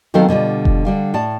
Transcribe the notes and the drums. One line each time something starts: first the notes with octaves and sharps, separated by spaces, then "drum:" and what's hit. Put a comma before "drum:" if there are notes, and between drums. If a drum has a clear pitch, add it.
D#3 F#3 B3 C4 A4 F5
B2 D3 G3 F4
drum: kick F1
D3 G3 F5
A2 D5 A5